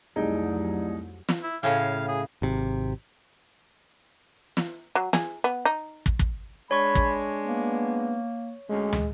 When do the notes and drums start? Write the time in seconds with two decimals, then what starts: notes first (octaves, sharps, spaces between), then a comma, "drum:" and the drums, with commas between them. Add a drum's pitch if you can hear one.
0.16 C2 F2 F#3 A3 D#4 E4 G#4 D5
1.29 drum: snare
1.43 E4
1.63 A2 C#3 F5
2.08 G#4
2.42 G#1 C3
4.57 drum: snare
4.95 F#3
5.13 G#4, drum: snare
5.44 B3
5.65 D#4
6.06 drum: kick
6.19 drum: kick
6.71 G#3 D4 C#5 B5 C#6 G#6
6.95 drum: kick
7.46 A#3 B3
8.69 D2 G#3 C#4
8.93 drum: tom